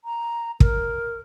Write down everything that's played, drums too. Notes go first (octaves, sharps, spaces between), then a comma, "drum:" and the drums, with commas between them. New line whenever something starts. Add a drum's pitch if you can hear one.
A#5
A#4, drum: kick